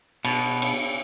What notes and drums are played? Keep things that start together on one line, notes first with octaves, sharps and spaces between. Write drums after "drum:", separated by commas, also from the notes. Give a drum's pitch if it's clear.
B2, drum: cymbal
drum: cymbal